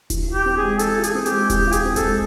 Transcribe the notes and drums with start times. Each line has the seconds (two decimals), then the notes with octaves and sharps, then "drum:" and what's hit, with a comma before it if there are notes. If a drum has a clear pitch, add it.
0.10 E3, drum: kick D#1, hi-hat
0.28 F4 G4
0.45 C4
0.57 G#4
0.63 G#3
0.79 E3 A4, drum: hi-hat
0.97 F4
1.03 G#4, drum: hi-hat
1.15 C4
1.26 G4, drum: hi-hat
1.32 G#3
1.50 E3 G4, drum: kick D#1, hi-hat
1.67 F4
1.72 G#4, drum: hi-hat
1.84 C4
1.96 A4, drum: kick D#1, hi-hat
2.03 G#3